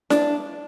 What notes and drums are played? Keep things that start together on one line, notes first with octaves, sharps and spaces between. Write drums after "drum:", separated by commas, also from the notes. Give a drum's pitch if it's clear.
D4, drum: snare E4